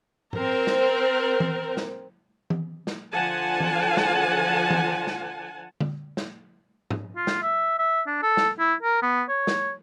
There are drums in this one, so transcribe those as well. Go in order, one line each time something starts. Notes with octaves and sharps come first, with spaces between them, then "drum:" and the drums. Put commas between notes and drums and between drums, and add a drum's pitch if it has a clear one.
C4 A#4, drum: tom G#2
drum: snare
drum: tom E3
drum: snare
drum: tom E3
drum: snare
D3 F3 F#5 G#5 A5
drum: tom E3
drum: snare
drum: tom E3
drum: snare
drum: tom D3
drum: snare
drum: tom G#2
F4
drum: snare
E5
E5
D4
A4
drum: snare
E4
A#4
B3
C#5
drum: snare